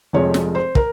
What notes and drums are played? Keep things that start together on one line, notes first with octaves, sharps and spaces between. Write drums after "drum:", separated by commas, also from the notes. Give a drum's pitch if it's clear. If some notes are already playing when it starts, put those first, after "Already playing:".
F1 F2 C3 F3 G#3 C#5
drum: snare
C5
A#4, drum: kick